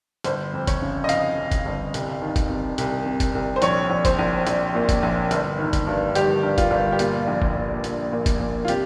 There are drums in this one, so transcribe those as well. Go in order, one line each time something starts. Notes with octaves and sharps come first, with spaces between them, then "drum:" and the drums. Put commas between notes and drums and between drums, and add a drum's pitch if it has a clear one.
G1 C5, drum: hi-hat
F2
C#5, drum: kick, hi-hat
C#3
D#5
F2 F5, drum: hi-hat
F2
drum: kick, hi-hat
G1
C2, drum: hi-hat
D#3
drum: kick, hi-hat
C3
C2, drum: hi-hat
C3
drum: kick, hi-hat
C2
C5
A#1 C#5, drum: hi-hat
A#1
C5, drum: kick, hi-hat
A#1
A#1, drum: hi-hat
A#2
drum: kick, hi-hat
A#1
G1, drum: hi-hat
D#3
drum: kick, hi-hat
G2
G1 G4, drum: hi-hat
G2
F4, drum: kick, hi-hat
G1
G4
A#2 F4, drum: hi-hat
A#1
drum: kick
A#2
A#2, drum: hi-hat
A#2
drum: kick, hi-hat
A#2
F4
C3 G4, drum: hi-hat